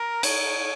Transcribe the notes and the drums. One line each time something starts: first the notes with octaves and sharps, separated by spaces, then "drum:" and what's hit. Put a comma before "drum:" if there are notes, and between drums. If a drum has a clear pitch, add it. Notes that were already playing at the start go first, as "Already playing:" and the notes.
Already playing: A#4
C#5, drum: cymbal